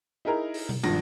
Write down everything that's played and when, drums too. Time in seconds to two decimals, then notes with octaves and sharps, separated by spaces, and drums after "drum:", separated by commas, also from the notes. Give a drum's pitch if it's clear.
0.25 D#4 E4 G#4 A#4 A#5
0.54 drum: open hi-hat
0.69 drum: tom B2
0.83 G#1 G2 F3 A#6, drum: cymbal